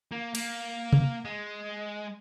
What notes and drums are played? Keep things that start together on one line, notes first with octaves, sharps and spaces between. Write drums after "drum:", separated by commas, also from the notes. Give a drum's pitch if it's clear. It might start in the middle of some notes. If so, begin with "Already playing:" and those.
A#3
A#3, drum: cymbal
drum: tom C3
G#3